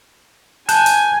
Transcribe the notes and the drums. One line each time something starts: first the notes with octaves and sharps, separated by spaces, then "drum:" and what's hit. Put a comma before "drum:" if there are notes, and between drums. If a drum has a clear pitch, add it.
G#5 A5 F#6 G6, drum: hi-hat
drum: hi-hat